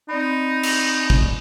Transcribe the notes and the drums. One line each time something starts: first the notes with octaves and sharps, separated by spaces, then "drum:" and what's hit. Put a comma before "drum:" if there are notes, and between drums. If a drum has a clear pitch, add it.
C4 D#4 D5 B5
drum: cymbal
drum: kick G#1